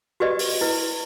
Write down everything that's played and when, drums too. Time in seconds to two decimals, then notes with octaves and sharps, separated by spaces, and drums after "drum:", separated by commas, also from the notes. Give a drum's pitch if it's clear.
0.20 F#4 G4 B4 D5 D#5
0.39 drum: open hi-hat
0.61 E4 B4